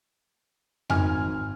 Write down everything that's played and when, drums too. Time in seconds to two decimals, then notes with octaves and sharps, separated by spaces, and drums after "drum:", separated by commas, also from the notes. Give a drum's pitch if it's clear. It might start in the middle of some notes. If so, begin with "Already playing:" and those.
0.90 G#1 G#5 F6, drum: tom F2